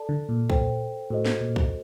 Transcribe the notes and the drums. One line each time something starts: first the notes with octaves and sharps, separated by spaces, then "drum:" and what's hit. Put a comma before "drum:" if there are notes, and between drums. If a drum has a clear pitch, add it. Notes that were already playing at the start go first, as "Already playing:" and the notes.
Already playing: A4 D5 A5
D3
A#2
A4 C5 G5, drum: kick C2
A2 F#4 A4 C5 D#5
drum: snare
A#2
drum: kick C2